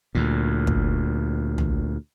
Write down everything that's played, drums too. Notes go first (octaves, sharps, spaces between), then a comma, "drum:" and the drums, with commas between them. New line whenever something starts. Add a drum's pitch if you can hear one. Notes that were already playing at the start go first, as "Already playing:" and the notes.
D2 A#2
drum: kick
drum: tom